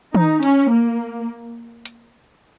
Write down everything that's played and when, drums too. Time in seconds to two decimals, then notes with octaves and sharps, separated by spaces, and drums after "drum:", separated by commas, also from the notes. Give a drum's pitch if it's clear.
0.15 D#4, drum: tom D#3
0.43 C#4, drum: hi-hat
0.71 A#3
1.85 drum: hi-hat